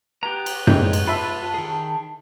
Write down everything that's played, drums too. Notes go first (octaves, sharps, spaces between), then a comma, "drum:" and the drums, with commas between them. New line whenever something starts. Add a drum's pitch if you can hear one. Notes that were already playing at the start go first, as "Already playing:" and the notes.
B3 G4 A#5
drum: cymbal
G#3 C4 D#4 C#5 G6, drum: tom F#2
drum: cymbal
F4 E5 A5 B5
D#3 G#4